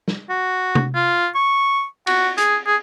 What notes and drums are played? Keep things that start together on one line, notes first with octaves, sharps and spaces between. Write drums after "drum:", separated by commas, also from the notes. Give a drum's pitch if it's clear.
drum: snare
F#4
drum: tom C3
F4
C#6
F#4, drum: cymbal
G#4, drum: hi-hat
G#4